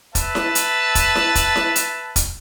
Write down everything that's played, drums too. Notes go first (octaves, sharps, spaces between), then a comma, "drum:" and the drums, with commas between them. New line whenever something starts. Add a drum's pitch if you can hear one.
B4 E5 A5, drum: kick, hi-hat
drum: snare E4
drum: hi-hat
drum: kick, hi-hat
drum: snare E4
drum: kick, hi-hat
drum: snare E4
drum: hi-hat
drum: kick, hi-hat